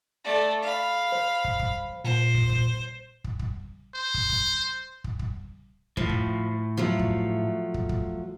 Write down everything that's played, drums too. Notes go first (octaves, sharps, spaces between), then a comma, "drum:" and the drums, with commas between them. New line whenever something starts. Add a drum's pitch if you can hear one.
A3 D5
F5 B5
C5
drum: kick
drum: kick
A#2 C5
drum: kick
drum: kick
drum: kick
drum: kick
C5
drum: kick
drum: kick
drum: kick
drum: kick
A2 F3, drum: kick
drum: kick
F3 F#3 A3
drum: kick
drum: kick
drum: kick